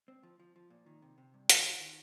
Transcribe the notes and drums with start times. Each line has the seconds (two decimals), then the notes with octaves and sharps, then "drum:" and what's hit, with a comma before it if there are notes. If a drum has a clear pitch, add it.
0.08 C4
0.23 F3
0.40 F3
0.56 F3
0.70 A#2
0.86 D#3
1.02 C3
1.18 C3
1.34 G2
1.49 D#3, drum: hi-hat
1.65 F4
1.81 D#3